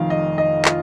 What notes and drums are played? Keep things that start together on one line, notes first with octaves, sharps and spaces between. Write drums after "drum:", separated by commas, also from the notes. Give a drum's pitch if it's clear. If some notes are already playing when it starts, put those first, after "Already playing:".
Already playing: F1 F2 D#3 F5
D#5
D#5
F4, drum: clap